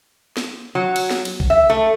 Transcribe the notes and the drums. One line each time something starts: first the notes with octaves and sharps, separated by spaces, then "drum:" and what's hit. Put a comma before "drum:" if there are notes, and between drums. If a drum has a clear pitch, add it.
drum: snare
F#3
drum: cymbal
drum: snare
drum: cymbal
drum: kick
E5
A3